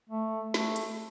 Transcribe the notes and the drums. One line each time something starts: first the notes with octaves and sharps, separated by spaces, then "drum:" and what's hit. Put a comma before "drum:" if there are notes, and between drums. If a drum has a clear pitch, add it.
A3
A3, drum: snare
drum: hi-hat